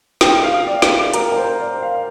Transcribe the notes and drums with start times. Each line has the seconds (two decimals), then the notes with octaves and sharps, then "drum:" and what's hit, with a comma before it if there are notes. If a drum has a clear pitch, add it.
0.21 G5, drum: snare
0.44 F5
0.67 D5
0.82 drum: snare
1.14 A#4, drum: hi-hat
1.32 A#4
1.36 C5
1.59 D5
1.83 F5